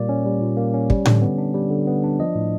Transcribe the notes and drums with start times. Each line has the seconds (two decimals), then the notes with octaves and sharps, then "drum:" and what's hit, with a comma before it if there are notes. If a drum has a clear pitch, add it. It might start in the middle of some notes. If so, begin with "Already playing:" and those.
Already playing: A#2 G3 A#3 D5
0.09 C#4
0.26 G3
0.41 A#2
0.57 A#3
0.74 C#4
0.90 G3, drum: kick
1.06 D3, drum: tom A2
1.22 B3
1.38 D4
1.54 G3
1.70 D3
1.87 B3
2.04 D4
2.20 F3 D#5
2.35 A2